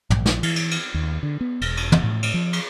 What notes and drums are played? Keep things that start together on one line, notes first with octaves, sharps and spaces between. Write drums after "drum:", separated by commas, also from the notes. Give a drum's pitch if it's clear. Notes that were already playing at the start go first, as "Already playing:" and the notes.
A#1, drum: tom
drum: snare
E3, drum: cymbal
drum: cymbal
drum: cymbal
D#2
D3
B3
E1, drum: cymbal
drum: cymbal
drum: tom
A2
drum: cymbal
F3
drum: cymbal